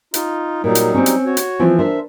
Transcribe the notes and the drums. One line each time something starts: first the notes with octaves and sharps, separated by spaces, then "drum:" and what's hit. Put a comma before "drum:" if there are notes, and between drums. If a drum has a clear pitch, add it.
D#4 F4, drum: hi-hat
A#2 F#3 G3 D#4
drum: hi-hat
C4 C#4
drum: hi-hat
F#4 C#5
drum: hi-hat
E3 F3 C4
D4 A#4 C5 E5